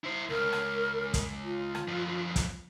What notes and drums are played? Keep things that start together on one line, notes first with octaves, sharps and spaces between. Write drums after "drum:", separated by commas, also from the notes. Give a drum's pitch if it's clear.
E4 C5
C#2 A#4
drum: rim click
drum: kick, hi-hat
F4
drum: rim click
F#2 F3
drum: kick, hi-hat